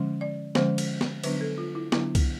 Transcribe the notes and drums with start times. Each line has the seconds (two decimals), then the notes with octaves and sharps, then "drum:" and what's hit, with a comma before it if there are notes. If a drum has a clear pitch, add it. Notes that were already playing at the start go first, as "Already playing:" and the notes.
Already playing: D3 F3 G#3 C#4
0.21 D5
0.55 D3 F3 G#3 C#4 C5, drum: snare
0.78 drum: cymbal
1.01 drum: snare
1.24 D3 F#3 B3 D4 B4, drum: cymbal
1.41 A4
1.58 F4
1.75 E4
1.92 D3 F#3 B3 D4 E4, drum: snare
2.15 drum: kick C2, cymbal